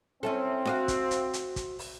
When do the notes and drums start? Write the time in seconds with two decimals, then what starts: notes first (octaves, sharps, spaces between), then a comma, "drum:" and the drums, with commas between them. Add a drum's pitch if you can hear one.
0.23 C4 C#4 E4 A4
0.65 F#4 D#5 F5, drum: snare D4
0.88 drum: kick, hi-hat
1.11 drum: hi-hat
1.33 drum: hi-hat
1.56 drum: kick, hi-hat
1.79 drum: open hi-hat